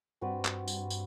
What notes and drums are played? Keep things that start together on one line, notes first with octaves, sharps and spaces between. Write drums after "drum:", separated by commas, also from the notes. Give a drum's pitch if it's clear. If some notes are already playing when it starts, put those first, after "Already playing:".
G2 C4 F#4 B4 D5
drum: clap
drum: tambourine
drum: tambourine